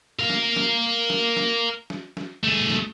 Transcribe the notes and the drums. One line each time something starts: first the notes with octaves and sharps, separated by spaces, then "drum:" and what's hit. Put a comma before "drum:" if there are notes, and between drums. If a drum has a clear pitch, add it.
A#4 F5
drum: snare
drum: snare
drum: snare
drum: snare
drum: snare
drum: snare
A3 G#4
drum: snare